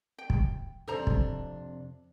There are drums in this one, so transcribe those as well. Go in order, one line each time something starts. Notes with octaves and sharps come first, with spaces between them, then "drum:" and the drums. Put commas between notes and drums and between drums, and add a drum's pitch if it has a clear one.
G5
drum: kick
F2 C3 D4 A4 C5 A#5
drum: kick